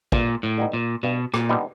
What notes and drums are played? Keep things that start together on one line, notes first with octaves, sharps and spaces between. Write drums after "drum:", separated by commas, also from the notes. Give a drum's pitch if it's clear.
G2 A#2, drum: kick
A2
D3 G3 B3 D#4
A#2
G2 B2
A#2, drum: rim click
D3 G3 B3 D#4